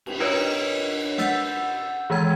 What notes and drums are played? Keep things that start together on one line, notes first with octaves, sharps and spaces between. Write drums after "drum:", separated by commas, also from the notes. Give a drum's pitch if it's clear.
drum: cymbal
D4 F4 A#4 B4 C#5 D#5
F#5 E6 G6 A6, drum: snare
D#3 E3 G#3 A#5 G#6